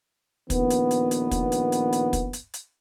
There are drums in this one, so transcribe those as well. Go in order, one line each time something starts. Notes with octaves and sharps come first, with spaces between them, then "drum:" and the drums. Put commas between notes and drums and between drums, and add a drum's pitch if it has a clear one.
A#1 D#3 B3, drum: kick, hi-hat
drum: hi-hat
drum: hi-hat
drum: hi-hat
drum: kick, hi-hat
drum: hi-hat
drum: hi-hat
drum: hi-hat
drum: kick, hi-hat
drum: hi-hat
drum: hi-hat